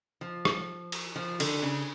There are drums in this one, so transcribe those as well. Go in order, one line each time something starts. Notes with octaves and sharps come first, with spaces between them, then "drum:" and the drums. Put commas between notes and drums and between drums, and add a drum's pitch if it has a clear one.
F3
drum: rim click
drum: cymbal
F3
D3, drum: cymbal
C#3